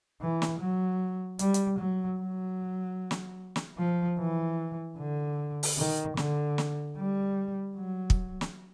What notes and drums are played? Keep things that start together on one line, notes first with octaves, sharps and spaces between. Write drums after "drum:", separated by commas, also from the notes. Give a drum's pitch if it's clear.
E3
drum: snare
F#3
G3, drum: hi-hat
drum: hi-hat
F#3
F#3
drum: snare
drum: snare
F3
E3
D3
drum: open hi-hat
D#3
D3, drum: snare
drum: snare
G3
F#3
drum: kick
drum: snare